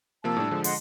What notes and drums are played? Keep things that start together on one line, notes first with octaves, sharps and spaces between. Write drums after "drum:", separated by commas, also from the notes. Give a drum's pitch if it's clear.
C3 F3 A#3 A5 E6
A2 G3 D4
D3 F3 G#3
D#5 F#5 C6, drum: open hi-hat